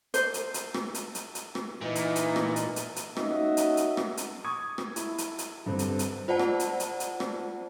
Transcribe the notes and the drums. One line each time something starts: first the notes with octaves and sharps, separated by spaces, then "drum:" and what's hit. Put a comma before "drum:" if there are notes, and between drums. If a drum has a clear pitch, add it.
C5, drum: hi-hat
drum: hi-hat
drum: hi-hat
drum: rim click
drum: hi-hat
drum: hi-hat
drum: hi-hat
drum: rim click
A#2 E3 D#4
drum: hi-hat
drum: hi-hat
drum: rim click
drum: hi-hat
drum: hi-hat
drum: hi-hat
A#3 C#4 D#4 F#4 D#5 E5, drum: rim click
drum: hi-hat
drum: hi-hat
drum: rim click
drum: hi-hat
C#6 D#6 G#6
drum: rim click
E4, drum: hi-hat
drum: hi-hat
drum: hi-hat
G2 D3 C4
drum: hi-hat
drum: hi-hat
F4 C5 D5 F#5 A5
drum: rim click
drum: hi-hat
drum: hi-hat
drum: hi-hat
drum: rim click